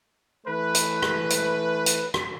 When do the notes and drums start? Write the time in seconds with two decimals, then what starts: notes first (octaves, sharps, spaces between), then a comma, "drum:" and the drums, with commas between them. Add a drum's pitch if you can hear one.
0.47 E3 A3 B4
0.75 drum: hi-hat
1.02 drum: rim click
1.30 drum: hi-hat
1.86 drum: hi-hat
2.14 drum: rim click